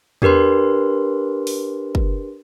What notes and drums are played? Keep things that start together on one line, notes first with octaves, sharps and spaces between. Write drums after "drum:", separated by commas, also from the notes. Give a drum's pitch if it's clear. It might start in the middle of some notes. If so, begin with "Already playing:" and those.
D4 G4 A#4 B4 C6, drum: tom E2
drum: open hi-hat
drum: kick